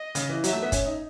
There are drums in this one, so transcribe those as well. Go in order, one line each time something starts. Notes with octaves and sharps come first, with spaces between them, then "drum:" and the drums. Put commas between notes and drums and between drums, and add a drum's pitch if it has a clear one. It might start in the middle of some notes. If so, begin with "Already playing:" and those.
Already playing: D#5
C#3, drum: hi-hat
E3
F#3 E5, drum: hi-hat
A3
B3
C#4, drum: kick F#1, hi-hat
D#4